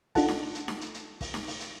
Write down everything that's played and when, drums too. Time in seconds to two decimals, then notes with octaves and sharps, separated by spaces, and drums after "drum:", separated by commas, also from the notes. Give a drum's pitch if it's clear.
0.15 D4 D#4 F4 A4 F#5 A5, drum: kick, open hi-hat
0.28 drum: snare D#4
0.55 drum: hi-hat
0.68 drum: snare D#4
0.81 drum: hi-hat
0.94 drum: hi-hat
1.21 drum: kick, open hi-hat
1.34 drum: snare D#4
1.47 drum: open hi-hat
1.60 drum: hi-hat